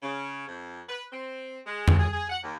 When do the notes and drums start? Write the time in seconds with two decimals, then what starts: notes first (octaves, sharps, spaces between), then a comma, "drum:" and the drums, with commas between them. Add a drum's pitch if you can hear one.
0.03 C#3
0.47 F2
0.89 B4
1.12 C4
1.66 G#3
1.88 drum: tom F2
1.99 G#4
2.13 G#4
2.30 F#5
2.43 D#2